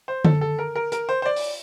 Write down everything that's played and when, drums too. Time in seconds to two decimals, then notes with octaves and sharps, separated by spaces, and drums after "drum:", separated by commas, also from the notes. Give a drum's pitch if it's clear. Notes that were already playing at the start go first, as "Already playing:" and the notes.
0.08 C5
0.25 A4, drum: tom D3
0.41 A4
0.59 A#4
0.76 A#4
0.92 A#4, drum: hi-hat
1.09 C5
1.22 C5
1.26 D5
1.36 drum: open hi-hat